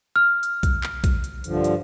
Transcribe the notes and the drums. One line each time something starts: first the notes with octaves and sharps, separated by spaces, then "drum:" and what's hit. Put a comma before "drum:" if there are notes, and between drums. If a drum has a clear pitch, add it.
F6
drum: hi-hat
drum: kick A#1, hi-hat
drum: clap
drum: kick A#1, hi-hat
drum: hi-hat
G2 D3 F3, drum: hi-hat
drum: hi-hat